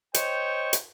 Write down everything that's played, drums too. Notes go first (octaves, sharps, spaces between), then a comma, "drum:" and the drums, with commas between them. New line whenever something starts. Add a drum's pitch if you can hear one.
C5 C#5 D#5 G5, drum: hi-hat
drum: hi-hat